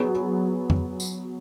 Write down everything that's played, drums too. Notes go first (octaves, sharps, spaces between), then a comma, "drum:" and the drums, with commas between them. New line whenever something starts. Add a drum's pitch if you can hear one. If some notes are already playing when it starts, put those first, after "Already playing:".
Already playing: F#3 B3 G#4
drum: tom F2
drum: tambourine